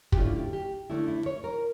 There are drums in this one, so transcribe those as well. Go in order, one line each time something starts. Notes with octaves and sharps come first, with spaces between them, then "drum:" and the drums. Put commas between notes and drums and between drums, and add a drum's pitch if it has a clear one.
G4, drum: kick
D3 A3 C#4 E4 F4
G4
G4
D3 A3 C#4 E4
E4
C#5
A#4